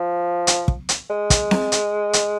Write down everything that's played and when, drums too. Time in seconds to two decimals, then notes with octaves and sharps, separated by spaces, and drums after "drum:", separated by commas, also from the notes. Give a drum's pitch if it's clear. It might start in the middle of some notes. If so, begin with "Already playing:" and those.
Already playing: F3
0.47 drum: hi-hat
0.68 drum: kick
0.89 drum: hi-hat
1.10 G#3
1.30 drum: kick, hi-hat
1.51 drum: snare C4
1.72 drum: hi-hat
2.13 drum: hi-hat